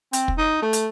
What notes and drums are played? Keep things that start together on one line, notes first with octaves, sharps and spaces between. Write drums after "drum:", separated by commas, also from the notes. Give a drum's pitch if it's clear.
C4, drum: hi-hat
drum: kick
D#4
A3
drum: hi-hat